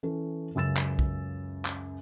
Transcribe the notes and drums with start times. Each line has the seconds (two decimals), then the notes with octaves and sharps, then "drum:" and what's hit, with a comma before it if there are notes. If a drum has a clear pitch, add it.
0.03 E3 C#4 A4
0.55 C#2 F#2 C#3 E6 A6 E7
0.77 drum: clap
0.99 drum: kick B1
1.65 drum: clap